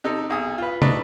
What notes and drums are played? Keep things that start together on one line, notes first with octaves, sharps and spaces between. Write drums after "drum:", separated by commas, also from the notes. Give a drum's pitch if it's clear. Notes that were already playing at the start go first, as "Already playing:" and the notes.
C3 D#4 A4
B1 G#4 D#6
F4 B4
A3 D4 D#4 B4, drum: tom